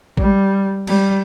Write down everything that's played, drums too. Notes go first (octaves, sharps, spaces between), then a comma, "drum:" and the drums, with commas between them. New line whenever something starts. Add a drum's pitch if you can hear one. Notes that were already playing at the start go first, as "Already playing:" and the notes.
G3, drum: kick
G3, drum: cymbal